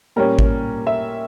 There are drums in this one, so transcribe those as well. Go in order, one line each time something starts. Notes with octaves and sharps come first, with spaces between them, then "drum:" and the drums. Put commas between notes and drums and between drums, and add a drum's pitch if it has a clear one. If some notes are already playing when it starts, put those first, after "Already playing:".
A#2 G3 C#4 A#4
drum: kick G#1
E5